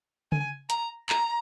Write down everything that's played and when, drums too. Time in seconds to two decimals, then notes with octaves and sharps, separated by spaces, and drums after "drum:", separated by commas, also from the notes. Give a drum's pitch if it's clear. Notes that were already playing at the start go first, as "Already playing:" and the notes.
0.32 G#5, drum: tom C#3
0.70 A#5, drum: hi-hat
1.09 A#5, drum: clap